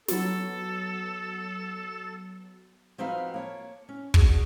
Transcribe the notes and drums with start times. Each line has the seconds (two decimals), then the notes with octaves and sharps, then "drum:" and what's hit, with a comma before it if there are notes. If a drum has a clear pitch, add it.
0.08 F#3 B3 A4, drum: snare
2.98 F3 C4 D#4 F#4 B4 F5
3.34 A#3 C#5 A5
3.89 C#4
4.14 D4 F#4 G#4, drum: kick